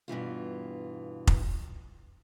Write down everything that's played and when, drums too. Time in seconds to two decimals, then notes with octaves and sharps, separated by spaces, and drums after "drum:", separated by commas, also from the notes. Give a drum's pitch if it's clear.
0.08 G2 B2 E3 F4
1.27 drum: kick F1